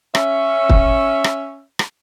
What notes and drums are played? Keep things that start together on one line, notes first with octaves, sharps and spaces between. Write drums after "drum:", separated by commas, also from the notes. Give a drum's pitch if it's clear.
C#4 E5, drum: rim click
drum: kick
drum: rim click
drum: rim click